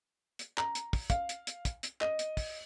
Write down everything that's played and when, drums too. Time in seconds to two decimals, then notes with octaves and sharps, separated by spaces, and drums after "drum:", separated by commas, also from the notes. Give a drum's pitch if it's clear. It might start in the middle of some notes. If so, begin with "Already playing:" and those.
0.39 drum: hi-hat
0.58 A#5, drum: clap
0.75 drum: hi-hat
0.93 drum: kick, open hi-hat
1.10 F5, drum: kick, hi-hat
1.29 drum: hi-hat
1.47 drum: hi-hat
1.65 drum: kick, hi-hat
1.83 drum: hi-hat
2.01 D#5, drum: clap
2.19 drum: hi-hat
2.37 drum: kick, open hi-hat